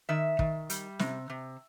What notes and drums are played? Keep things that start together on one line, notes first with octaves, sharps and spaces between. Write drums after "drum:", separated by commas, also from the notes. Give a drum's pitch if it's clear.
D#3 E5
D#3, drum: kick
G3, drum: hi-hat
C3, drum: snare
C3